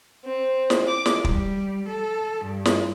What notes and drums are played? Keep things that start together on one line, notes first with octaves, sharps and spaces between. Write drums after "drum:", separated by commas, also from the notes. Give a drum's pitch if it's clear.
C4
drum: snare
D6
drum: snare
G3, drum: kick
A4
G2
drum: snare